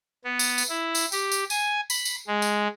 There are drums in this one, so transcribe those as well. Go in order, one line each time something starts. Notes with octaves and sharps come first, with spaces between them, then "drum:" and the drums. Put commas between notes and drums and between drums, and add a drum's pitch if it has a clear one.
B3
drum: tambourine
drum: tambourine
E4
drum: tambourine
G4, drum: tambourine
drum: tambourine
G#5, drum: tambourine
B5, drum: tambourine
drum: tambourine
G#3
drum: tambourine